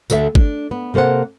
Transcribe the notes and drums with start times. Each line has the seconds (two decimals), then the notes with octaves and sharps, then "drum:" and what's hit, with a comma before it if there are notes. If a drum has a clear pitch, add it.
0.10 D2 D3 A4 D5 E5 A5, drum: tambourine
0.35 D4, drum: kick G1
0.71 B3
0.94 C3 A#3 A4 C5 F#5